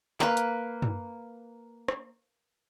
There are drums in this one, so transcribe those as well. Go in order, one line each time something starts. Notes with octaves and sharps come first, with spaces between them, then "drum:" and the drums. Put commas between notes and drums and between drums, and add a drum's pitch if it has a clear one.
A#3 B4, drum: clap
drum: hi-hat
drum: tom
drum: rim click